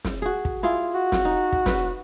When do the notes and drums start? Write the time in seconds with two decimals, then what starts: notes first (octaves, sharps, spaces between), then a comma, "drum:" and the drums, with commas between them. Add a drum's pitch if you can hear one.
0.05 drum: snare
0.22 F#4 G#4
0.45 drum: kick
0.63 E4 F4 G#4
0.94 F#4
1.12 drum: snare
1.25 D#4
1.52 drum: kick
1.66 B4, drum: snare